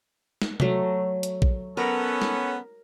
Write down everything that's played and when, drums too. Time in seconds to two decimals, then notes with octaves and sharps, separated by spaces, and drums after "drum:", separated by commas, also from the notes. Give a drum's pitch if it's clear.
0.42 drum: snare
0.60 F#3 A3, drum: tom C3
1.23 drum: hi-hat
1.42 drum: kick A#1
1.77 B3 C#4 A4 A#4
2.22 drum: snare